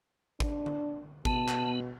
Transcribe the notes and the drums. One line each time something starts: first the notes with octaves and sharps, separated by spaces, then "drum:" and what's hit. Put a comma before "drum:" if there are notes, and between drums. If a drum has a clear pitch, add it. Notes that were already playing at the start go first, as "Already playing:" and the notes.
D4, drum: kick
drum: tom D3
B2 B3 A5, drum: kick
drum: clap